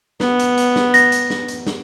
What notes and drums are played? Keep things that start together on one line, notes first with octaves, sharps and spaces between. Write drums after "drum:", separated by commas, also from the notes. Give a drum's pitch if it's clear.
B3, drum: snare
drum: hi-hat
drum: hi-hat
drum: snare
A#6, drum: hi-hat
drum: hi-hat
drum: snare
drum: hi-hat
drum: snare